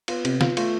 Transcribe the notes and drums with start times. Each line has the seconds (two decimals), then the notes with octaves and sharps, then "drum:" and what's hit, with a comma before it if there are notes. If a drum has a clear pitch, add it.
0.08 B3 F4, drum: cymbal
0.25 C3, drum: cymbal
0.41 F4, drum: snare D3
0.57 A3 F4, drum: cymbal